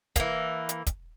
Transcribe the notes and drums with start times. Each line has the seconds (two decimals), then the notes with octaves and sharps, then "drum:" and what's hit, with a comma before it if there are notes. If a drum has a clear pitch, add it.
0.16 E3 A#3, drum: kick, hi-hat
0.69 drum: hi-hat
0.87 drum: kick, hi-hat